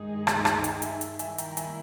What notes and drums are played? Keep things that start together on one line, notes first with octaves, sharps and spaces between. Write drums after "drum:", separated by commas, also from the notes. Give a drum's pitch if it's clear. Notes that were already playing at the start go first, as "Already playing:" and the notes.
Already playing: G2 D#3 G#3 D#4 G#4
drum: rim click
G5 A#5, drum: rim click
G#5
G5 A#5, drum: hi-hat
E5 G#5, drum: hi-hat
drum: hi-hat
D#3 G3 A#3 E4 E5 G#5, drum: hi-hat
G5 A#5, drum: hi-hat
A#5
E5 G#5, drum: hi-hat